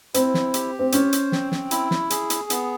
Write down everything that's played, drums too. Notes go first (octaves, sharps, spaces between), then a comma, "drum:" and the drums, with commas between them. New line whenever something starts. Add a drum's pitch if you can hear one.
C4 E4, drum: hi-hat
drum: snare
G4, drum: hi-hat
C4
C#4 C5, drum: hi-hat
drum: hi-hat
C4, drum: snare
drum: snare
E4, drum: hi-hat
drum: snare
G#4, drum: hi-hat
drum: hi-hat
B3, drum: hi-hat